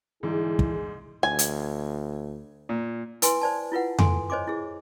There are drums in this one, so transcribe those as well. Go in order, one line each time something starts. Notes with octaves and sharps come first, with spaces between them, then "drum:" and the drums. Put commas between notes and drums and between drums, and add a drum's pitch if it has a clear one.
G#2 D3 E3 G3 E4 G#4
drum: kick
D2 G#5
drum: hi-hat
A#2
E4 B4 G#5 C6, drum: hi-hat
C5 D5 A5
E4 F4 B4 F#5
A4 G#5 C6, drum: tom F2
C5 C#5 D#5 G#5 C6 D6
E4 G#4